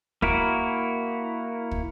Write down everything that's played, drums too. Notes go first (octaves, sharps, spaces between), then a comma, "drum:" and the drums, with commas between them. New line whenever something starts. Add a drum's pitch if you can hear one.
A#3 E4 F#4 A#4, drum: kick
drum: kick